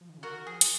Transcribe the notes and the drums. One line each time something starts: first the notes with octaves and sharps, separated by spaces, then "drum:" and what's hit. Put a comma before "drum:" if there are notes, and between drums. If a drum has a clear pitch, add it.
F3
D#3
C#3
D#3 F#4 A#4
F3 G#4
drum: hi-hat